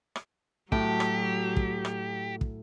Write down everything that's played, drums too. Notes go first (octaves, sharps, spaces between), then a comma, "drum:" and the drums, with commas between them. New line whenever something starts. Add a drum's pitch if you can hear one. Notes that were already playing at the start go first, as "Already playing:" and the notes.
drum: rim click
A2 F#3 F#4 G4, drum: kick
drum: rim click
drum: kick
drum: rim click
drum: kick